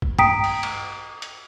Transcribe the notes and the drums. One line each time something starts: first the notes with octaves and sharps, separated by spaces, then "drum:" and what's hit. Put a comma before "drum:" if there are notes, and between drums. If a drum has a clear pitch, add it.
drum: kick
G5 A#5 D#6 B6 D7, drum: tom G2
drum: open hi-hat
drum: cymbal
drum: hi-hat